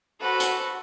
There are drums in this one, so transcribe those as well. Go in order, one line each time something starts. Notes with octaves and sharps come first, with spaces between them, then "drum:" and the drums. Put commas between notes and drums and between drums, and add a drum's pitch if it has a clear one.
F#4 A4 B4 C5
drum: hi-hat